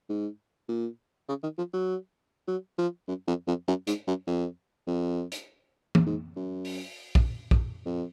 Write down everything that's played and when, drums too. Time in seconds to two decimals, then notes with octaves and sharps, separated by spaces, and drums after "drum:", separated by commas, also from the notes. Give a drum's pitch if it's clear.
0.09 G#2
0.68 A#2
1.29 C#3
1.43 D#3
1.58 F3
1.73 F#3
2.48 F#3
2.78 F3
3.08 F#2
3.27 F2
3.47 F2
3.67 F#2
3.87 G#2, drum: hi-hat
4.07 F#2
4.27 F2
4.87 F2
5.32 drum: hi-hat
5.95 drum: tom E3
6.06 G#2
6.36 F#2
6.65 drum: open hi-hat
7.15 drum: kick
7.51 drum: kick
7.85 F2